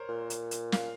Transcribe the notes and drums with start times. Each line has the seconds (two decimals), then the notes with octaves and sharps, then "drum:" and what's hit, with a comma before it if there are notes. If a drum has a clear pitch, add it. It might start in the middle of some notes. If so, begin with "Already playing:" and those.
Already playing: A#4 C5 C#5
0.09 A#2
0.30 drum: hi-hat
0.51 drum: hi-hat
0.72 F5, drum: snare